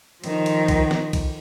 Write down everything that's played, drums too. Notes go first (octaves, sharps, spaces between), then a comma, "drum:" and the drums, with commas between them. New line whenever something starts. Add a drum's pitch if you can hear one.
D#3 F3, drum: cymbal
drum: cymbal
drum: kick B1, cymbal
drum: snare
drum: kick B1, cymbal